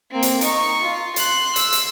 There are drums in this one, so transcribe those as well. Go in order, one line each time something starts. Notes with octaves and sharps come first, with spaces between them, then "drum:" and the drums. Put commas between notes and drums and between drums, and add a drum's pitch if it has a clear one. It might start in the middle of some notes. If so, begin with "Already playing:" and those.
A#3 C4
drum: hi-hat
D#4 C#6, drum: hi-hat
F4
C6 F#6, drum: hi-hat
E6, drum: hi-hat
drum: hi-hat